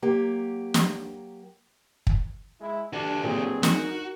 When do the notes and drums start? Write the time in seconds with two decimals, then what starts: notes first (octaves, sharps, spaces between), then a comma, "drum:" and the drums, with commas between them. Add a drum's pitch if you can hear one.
0.02 F#3 A#3 G4
0.74 drum: snare
2.07 drum: kick
2.60 G#3 E4
2.93 G2 D4 F#4 A4
3.24 A#2 F#3 C4 G#4
3.63 D#4 F#4 A#4, drum: snare